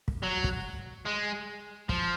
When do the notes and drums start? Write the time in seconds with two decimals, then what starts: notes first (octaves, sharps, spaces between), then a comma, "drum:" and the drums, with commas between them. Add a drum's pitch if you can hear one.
0.08 drum: kick
0.23 F#3
0.44 drum: kick
1.06 G#3
1.89 F3, drum: kick